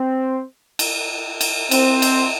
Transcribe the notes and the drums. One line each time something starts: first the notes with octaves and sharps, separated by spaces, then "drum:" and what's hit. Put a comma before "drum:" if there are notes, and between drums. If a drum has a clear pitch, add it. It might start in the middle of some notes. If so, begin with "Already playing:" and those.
Already playing: C4
drum: cymbal
drum: cymbal
C4, drum: cymbal
drum: cymbal